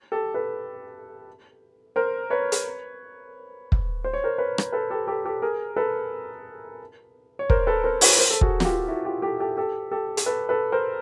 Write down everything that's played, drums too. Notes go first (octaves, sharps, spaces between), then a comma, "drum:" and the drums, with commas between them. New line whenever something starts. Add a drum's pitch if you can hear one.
G4 A4
A4 B4
A#4 C5
B4 C#5
drum: hi-hat
drum: kick
C5
C#5
A#4 C5
B4 C#5
drum: rim click
A4 B4
G4 A4
G4 A4
G4 A4
G#4 A#4
A4 B4
C#5
A#4 C5, drum: kick
A4 B4
A#4 C5
B4 C#5, drum: open hi-hat
A#4 C5
A4
F#4 G#4, drum: kick
F#4, drum: snare
F4 G4
E4 F#4
F4 G4
G4 A4
G4 A4
G4 A4
G4 A4
drum: hi-hat
A4 B4
A4 B4
A#4 C5